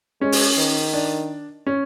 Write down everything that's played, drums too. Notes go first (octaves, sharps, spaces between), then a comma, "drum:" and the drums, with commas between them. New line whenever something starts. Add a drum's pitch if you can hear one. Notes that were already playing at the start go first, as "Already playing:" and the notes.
G#3 C#4
drum: open hi-hat
D#3
D4
C#4